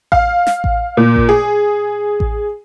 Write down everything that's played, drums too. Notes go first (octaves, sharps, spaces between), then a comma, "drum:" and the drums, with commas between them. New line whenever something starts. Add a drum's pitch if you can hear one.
F5, drum: kick A1
drum: snare
drum: kick A1
A#2
drum: kick A1
G#4
drum: kick A1